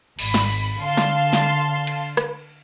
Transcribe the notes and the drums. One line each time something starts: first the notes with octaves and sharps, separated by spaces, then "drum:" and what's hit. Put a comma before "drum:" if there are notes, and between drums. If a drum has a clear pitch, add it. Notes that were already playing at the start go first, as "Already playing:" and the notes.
G#1 B5, drum: cymbal
drum: snare
D3 F5 A5 C6
drum: snare
drum: snare
drum: cymbal
drum: rim click